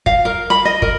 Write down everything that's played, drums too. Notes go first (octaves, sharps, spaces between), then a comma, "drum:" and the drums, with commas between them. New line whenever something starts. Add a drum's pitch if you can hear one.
F5, drum: kick
A#4
B5
D#5
A#4, drum: kick